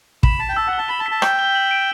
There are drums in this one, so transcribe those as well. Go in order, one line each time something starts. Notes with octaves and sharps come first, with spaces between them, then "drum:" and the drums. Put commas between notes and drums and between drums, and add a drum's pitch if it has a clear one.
B5 E7, drum: kick
A5 B6
G5
A5 E6
F#5
G7
A5
B5 E7
A5
B6
A5
G5 E6, drum: rim click
G7
F#7
D7